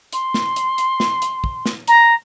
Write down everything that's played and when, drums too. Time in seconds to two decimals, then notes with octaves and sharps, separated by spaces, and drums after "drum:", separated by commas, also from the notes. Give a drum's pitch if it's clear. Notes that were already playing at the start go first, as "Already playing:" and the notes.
0.13 C6, drum: hi-hat
0.34 drum: snare
0.56 drum: hi-hat
0.78 drum: hi-hat
1.00 drum: snare
1.22 drum: hi-hat
1.44 drum: kick
1.66 drum: snare
1.87 A#5, drum: hi-hat